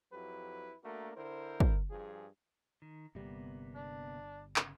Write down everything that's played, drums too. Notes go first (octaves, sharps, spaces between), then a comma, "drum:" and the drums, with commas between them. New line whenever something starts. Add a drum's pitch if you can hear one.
F2 F#3 E4 G4 B4
A3 A#3 D4 F#4 A#4
D3 E4 A#4 C5
drum: kick
G2 F3 G#4
D#3
G1 C3 G3 A#3 B3
D4
C#3, drum: clap